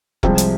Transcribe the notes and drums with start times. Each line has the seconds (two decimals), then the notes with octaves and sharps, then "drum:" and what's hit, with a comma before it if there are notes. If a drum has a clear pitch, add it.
0.23 C2 C3 F3 G#3, drum: kick F1
0.38 drum: hi-hat